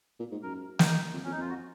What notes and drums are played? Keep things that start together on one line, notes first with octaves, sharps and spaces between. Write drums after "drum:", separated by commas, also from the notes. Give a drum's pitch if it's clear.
A#2
G#2
F#2 A#4
D#4, drum: snare
F2
F2 C#4
D#4
F2 F4
F#4